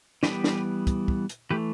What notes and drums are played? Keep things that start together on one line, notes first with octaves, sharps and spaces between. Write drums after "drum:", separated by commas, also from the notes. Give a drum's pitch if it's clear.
E3 G3 B3 G4 B4, drum: snare
drum: snare
drum: kick, hi-hat
drum: kick
drum: hi-hat
E3 A3 G4 B4